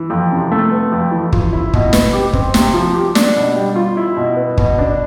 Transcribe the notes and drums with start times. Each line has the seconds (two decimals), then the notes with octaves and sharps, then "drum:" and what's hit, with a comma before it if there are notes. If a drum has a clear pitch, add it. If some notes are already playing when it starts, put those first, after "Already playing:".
Already playing: E3
0.10 F2
0.31 C3
0.52 A3
0.71 B3
0.92 F2
1.11 E3
1.32 F4, drum: kick
1.53 E4
1.73 B2, drum: kick
1.93 B3, drum: snare
2.13 G4
2.33 C4, drum: kick
2.54 C3, drum: snare
2.74 F3
2.94 G4
3.15 D4, drum: snare
3.36 B2
3.56 G3
3.76 F4
3.97 E4
4.17 B2
4.36 B3
4.58 B2, drum: kick
4.78 D4